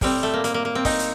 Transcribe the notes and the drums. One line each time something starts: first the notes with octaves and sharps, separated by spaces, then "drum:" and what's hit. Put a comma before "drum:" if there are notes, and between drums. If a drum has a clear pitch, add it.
A2 G3 C4, drum: kick, open hi-hat
A3
A#3
A#3, drum: hi-hat
A#3
A#3
C4
D#4, drum: kick, open hi-hat
drum: hi-hat